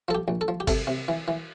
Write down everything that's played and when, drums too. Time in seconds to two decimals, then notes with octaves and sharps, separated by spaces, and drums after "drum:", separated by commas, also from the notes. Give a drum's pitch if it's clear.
0.08 F3 A4
0.15 G4
0.28 A#1
0.41 A4
0.48 F3
0.60 G4
0.67 C3 A4, drum: kick G1, cymbal
0.87 C3
1.08 E3
1.28 E3